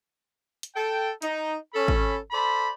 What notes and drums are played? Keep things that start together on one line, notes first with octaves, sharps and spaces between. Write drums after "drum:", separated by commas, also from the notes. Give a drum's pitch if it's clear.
drum: hi-hat
A4 G5
D#4, drum: hi-hat
C#4 A4 B5
drum: kick G#1
A4 C5 D5 B5